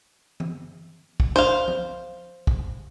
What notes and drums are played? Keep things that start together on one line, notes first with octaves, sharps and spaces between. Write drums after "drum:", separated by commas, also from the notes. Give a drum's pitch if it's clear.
drum: tom E3
drum: kick
C5 F5
drum: tom F3
drum: kick